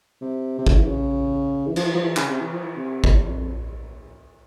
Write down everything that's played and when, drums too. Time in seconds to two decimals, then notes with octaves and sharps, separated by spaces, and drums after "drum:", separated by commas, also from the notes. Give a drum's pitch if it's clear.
0.22 C3
0.58 C3
0.67 C#3, drum: kick G1
0.77 E3
0.85 C#3
1.67 E3
1.76 F3, drum: cymbal
1.86 E3
1.95 F3
2.04 E3
2.17 C#3, drum: clap
2.29 C3
2.40 E3
2.53 F3
2.65 E3
2.77 C3
3.04 drum: kick G1
3.13 E2
3.26 F2
3.38 F2